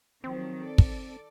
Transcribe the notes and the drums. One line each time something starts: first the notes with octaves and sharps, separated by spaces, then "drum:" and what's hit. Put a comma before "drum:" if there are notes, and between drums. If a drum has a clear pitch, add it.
D#3 F3 F#3 C4
A4 D5
drum: kick